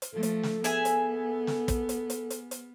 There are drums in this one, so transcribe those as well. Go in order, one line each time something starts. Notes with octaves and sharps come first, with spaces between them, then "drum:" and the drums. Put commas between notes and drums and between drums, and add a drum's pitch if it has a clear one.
drum: hi-hat
F3 A3 A4
drum: hi-hat
drum: snare
B3 G#4 E5 G#5, drum: hi-hat
drum: hi-hat
drum: snare
drum: kick, hi-hat
drum: hi-hat
drum: hi-hat
drum: hi-hat
drum: hi-hat